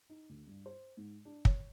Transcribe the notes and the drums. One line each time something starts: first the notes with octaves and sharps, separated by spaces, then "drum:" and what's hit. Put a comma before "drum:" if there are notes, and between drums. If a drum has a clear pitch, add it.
D#4
D2
G2
C5
G#2
D4
C#5, drum: kick